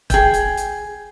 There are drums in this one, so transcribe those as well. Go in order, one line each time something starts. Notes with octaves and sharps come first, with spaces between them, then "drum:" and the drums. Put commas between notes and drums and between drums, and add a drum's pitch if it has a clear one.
G#4 G5, drum: kick, hi-hat
drum: hi-hat
drum: hi-hat